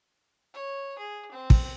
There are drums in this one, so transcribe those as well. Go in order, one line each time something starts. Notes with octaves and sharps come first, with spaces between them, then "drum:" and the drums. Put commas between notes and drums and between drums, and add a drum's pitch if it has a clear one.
C#5
G#4
C4
drum: kick